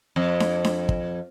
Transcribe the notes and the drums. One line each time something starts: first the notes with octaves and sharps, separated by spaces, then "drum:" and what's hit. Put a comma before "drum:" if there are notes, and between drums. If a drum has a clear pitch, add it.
F2
drum: snare D4
drum: snare D4
drum: kick